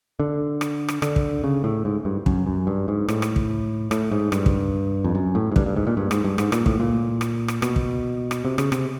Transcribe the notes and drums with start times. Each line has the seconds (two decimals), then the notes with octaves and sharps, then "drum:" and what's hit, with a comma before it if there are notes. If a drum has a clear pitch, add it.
0.20 D3
0.61 drum: rim click
0.88 drum: rim click
1.02 D3, drum: rim click
1.16 drum: kick
1.44 C#3
1.64 A2
1.85 G#2
2.05 G2
2.26 F#2, drum: kick
2.47 F#2
2.67 G2
2.88 G#2
3.08 A2, drum: rim click
3.22 drum: rim click
3.36 drum: kick
3.91 A2, drum: rim click
4.12 G#2
4.32 G2, drum: rim click
4.46 drum: kick
5.05 F2
5.15 F#2
5.35 A2
5.52 G#2
5.56 G2, drum: kick
5.66 G2
5.76 G#2
5.87 A#2
5.97 G2
6.11 G#2, drum: rim click
6.24 G2
6.38 G#2, drum: rim click
6.52 A#2, drum: rim click
6.66 A2, drum: kick
6.80 A#2
7.21 drum: rim click
7.48 drum: rim click
7.62 B2, drum: rim click
7.76 drum: kick
8.31 drum: rim click
8.45 C3
8.58 C#3, drum: rim click
8.72 C3, drum: rim click